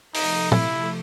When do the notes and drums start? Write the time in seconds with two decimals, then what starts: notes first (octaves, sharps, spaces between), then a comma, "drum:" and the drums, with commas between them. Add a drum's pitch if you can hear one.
0.14 C3 F3 A3 D#4, drum: open hi-hat
0.52 E4, drum: tom